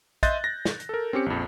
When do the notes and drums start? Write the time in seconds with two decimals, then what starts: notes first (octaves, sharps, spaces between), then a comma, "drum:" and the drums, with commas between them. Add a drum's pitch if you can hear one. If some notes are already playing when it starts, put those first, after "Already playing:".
0.23 D#5 E5 C6 F#6 G6 A6, drum: kick, hi-hat
0.44 A#6
0.65 drum: snare
0.80 drum: hi-hat
0.89 A4 A#4
1.13 C4 C#4 G4 C#7
1.26 A#1 F2